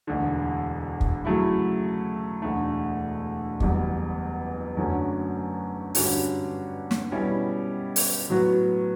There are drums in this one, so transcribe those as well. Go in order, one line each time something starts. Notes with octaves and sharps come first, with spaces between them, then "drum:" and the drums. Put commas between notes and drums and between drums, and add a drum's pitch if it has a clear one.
E1 D2 D3
drum: kick
C#3 F#3 A3 E4
E1 D2 D3 A3
F#1 E2 B2 G3, drum: kick
F#2 D3 F#3 A3 C#4
G2 D3 G3 C#4 F#4, drum: open hi-hat
drum: snare
B2 G3 C#4 E4 G4
drum: open hi-hat
A2 F#3 B3 F#4